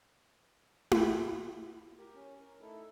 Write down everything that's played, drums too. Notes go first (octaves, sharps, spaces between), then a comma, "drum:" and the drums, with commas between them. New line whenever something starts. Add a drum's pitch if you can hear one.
drum: tom E4
G4 A#4
C#4
A#4
A3 D#4 E4 A4